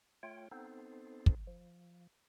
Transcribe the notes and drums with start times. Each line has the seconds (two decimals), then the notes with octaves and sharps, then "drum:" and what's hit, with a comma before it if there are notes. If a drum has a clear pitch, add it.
0.23 A3 F4 C#5 G5
0.51 B3 C4 D#4 A4 C5
1.26 drum: kick
1.47 F3